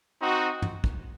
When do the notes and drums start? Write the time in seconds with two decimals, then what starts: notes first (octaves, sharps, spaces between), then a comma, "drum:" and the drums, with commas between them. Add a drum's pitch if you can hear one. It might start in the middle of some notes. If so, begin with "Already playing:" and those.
0.20 C4 D#4 F#4
0.62 drum: tom
0.84 drum: kick